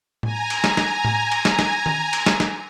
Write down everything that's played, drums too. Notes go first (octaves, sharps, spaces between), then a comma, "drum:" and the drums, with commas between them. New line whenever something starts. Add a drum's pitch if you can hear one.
G#5 A#5, drum: tom A2
drum: cymbal
drum: snare
drum: snare
drum: tom A2
drum: cymbal
drum: snare
drum: snare
drum: tom D#3
drum: cymbal
drum: snare
drum: snare